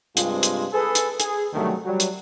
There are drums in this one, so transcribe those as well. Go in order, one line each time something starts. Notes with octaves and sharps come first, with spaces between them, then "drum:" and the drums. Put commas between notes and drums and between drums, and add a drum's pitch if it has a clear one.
G2 C3 G#3 C4 F4, drum: hi-hat
drum: hi-hat
G#4 A4 B4
drum: hi-hat
G#4, drum: hi-hat
C2 D3 D#3 F#3 G3 A3
F#3 G3
drum: hi-hat